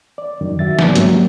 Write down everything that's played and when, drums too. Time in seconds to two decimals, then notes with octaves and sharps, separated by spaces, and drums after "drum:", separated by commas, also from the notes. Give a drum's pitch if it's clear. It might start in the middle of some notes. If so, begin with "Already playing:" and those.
0.18 D5
0.41 F#2 D#3
0.59 G#2 F#4 E5 A6
0.79 G#2 D3 F#3 B3 D5, drum: snare
0.95 F#3 A#3 C#4 G4, drum: hi-hat